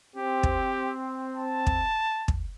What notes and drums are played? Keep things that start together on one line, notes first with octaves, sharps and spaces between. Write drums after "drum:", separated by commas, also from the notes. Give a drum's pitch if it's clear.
C4 G4
drum: kick
A5
drum: kick
drum: kick